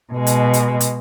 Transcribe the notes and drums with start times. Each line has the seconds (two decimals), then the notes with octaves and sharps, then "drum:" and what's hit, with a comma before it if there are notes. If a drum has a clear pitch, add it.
0.13 B2 G#3
0.27 drum: hi-hat
0.54 drum: hi-hat
0.80 drum: hi-hat